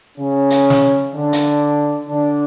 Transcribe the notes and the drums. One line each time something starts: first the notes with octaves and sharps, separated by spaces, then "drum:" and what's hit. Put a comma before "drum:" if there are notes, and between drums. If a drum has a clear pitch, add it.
C#3 C#4
drum: hi-hat
drum: snare
D3 D4
drum: hi-hat
D3 D4